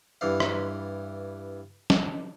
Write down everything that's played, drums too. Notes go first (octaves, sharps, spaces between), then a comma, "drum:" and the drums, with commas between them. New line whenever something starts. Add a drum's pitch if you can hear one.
G2 E3 F5
drum: rim click
drum: snare